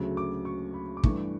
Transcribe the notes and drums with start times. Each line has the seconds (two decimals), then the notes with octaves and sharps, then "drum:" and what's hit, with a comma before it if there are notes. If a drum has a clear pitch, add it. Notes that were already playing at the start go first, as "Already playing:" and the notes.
Already playing: D2 C#3 F#3 A3
0.17 D6
0.45 C#6
0.74 B5
0.97 D6
1.04 G2 E3 A3 D4 C#6, drum: kick